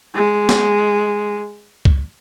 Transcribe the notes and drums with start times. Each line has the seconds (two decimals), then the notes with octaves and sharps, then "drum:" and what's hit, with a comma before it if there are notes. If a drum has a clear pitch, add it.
0.15 G#3
0.49 drum: snare
1.85 drum: kick C#2